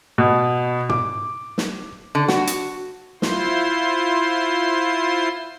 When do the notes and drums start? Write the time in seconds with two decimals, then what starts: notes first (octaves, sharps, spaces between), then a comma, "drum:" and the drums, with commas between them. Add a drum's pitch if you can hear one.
0.18 B2
0.89 D6, drum: tom
1.58 drum: snare
2.15 D3
2.28 F#4, drum: snare
2.47 drum: hi-hat
3.22 E4 F4 C5 C6, drum: snare